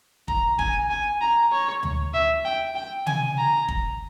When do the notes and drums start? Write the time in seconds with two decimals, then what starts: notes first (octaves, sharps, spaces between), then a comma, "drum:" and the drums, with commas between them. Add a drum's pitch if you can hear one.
0.28 A#5, drum: kick
0.59 G#5, drum: kick
0.90 G#5
1.21 A#5
1.52 C#5
1.83 drum: tom D2
2.14 E5
2.45 G5
2.75 G5
3.07 G#5, drum: tom C3
3.38 A#5
3.68 drum: kick